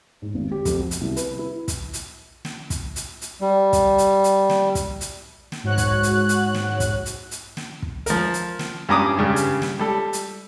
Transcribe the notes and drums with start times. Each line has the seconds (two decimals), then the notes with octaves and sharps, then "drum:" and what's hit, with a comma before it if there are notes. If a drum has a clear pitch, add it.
0.22 G#2
0.34 G#1
0.52 G4
0.65 F2, drum: kick, hi-hat
0.79 F#4
0.91 drum: hi-hat
1.01 C2
1.17 B4, drum: hi-hat
1.39 E4
1.68 drum: kick, hi-hat
1.93 drum: hi-hat
2.45 drum: snare
2.70 drum: kick, hi-hat
2.96 drum: hi-hat
3.21 drum: hi-hat
3.41 G3
3.73 drum: kick, hi-hat
3.98 drum: hi-hat
4.24 drum: hi-hat
4.50 drum: snare
4.75 drum: kick, hi-hat
5.01 drum: hi-hat
5.52 drum: snare
5.64 G#2 F#4 C#5 F#6
5.78 drum: kick, hi-hat
6.03 drum: hi-hat
6.29 drum: hi-hat
6.54 drum: snare
6.80 drum: kick, hi-hat
7.06 drum: hi-hat
7.31 drum: hi-hat
7.57 drum: snare
7.82 drum: kick
8.06 F3 A#4, drum: hi-hat
8.34 drum: hi-hat
8.59 drum: snare
8.89 G2 C#4 A#5 D6 D#6
9.18 G2 C#3 G3
9.36 drum: hi-hat
9.62 drum: snare
9.79 G3 A4
10.13 drum: hi-hat